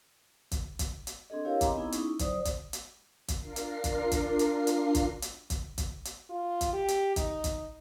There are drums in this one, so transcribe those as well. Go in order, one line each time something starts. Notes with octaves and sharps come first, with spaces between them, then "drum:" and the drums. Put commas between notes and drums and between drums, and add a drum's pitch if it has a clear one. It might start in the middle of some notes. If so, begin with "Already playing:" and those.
drum: kick, hi-hat
drum: kick, hi-hat
drum: hi-hat
C4 D4 G#4 A4 D#5
E4 G4 G#4 A#4 C#5 F5
C4 D#5 G#5 A#5 C6 D6, drum: kick, hi-hat
B3 C4 D#4 E4 G#4
C#4 D#4 E4, drum: hi-hat
F#3 C5 D5 D#6, drum: kick, hi-hat
drum: kick, hi-hat
drum: hi-hat
drum: kick, hi-hat
D4 F4 A#4 C7
drum: hi-hat
drum: kick, hi-hat
drum: kick, hi-hat
drum: hi-hat
drum: hi-hat
drum: kick, hi-hat
drum: hi-hat
drum: kick, hi-hat
drum: kick, hi-hat
drum: hi-hat
F4
drum: kick, hi-hat
G4
drum: hi-hat
D#4, drum: kick, hi-hat
drum: kick, hi-hat